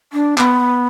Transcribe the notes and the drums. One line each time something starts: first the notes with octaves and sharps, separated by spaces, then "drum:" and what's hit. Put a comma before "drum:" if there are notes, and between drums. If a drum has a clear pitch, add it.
D4
B3, drum: clap